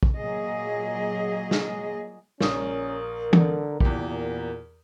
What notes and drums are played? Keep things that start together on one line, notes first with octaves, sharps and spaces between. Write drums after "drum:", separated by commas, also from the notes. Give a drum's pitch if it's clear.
drum: kick
A#2 F#3 A#3 G#4 D#5
drum: snare
A#1 C#4 A#4 D#6, drum: snare
D3, drum: tom E3
E2 A#2 G4, drum: kick